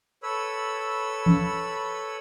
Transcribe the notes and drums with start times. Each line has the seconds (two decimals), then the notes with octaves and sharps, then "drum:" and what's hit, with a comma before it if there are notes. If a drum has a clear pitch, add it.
0.23 A4 B4 C#5 B5 E6
1.26 drum: tom F3